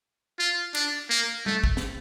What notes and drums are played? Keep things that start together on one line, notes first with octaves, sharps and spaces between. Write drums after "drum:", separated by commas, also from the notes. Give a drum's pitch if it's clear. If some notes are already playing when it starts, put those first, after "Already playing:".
F4
D4, drum: cymbal
A#3
A3, drum: tom G3
drum: kick
drum: snare